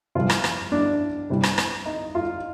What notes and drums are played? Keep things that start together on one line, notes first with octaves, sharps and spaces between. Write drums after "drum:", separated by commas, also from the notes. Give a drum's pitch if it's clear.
C2 C3 F3 F4
drum: rim click
drum: rim click
D4
C2 C3 G3
drum: rim click
drum: rim click
D#4
F4